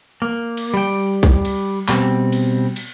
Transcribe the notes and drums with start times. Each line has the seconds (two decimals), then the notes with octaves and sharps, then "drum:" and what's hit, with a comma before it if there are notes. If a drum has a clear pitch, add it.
0.22 A#3
0.57 drum: cymbal
0.74 G3 G5
1.23 drum: kick
1.45 drum: cymbal
1.89 B2 G3 C4, drum: clap
2.32 drum: cymbal
2.76 drum: cymbal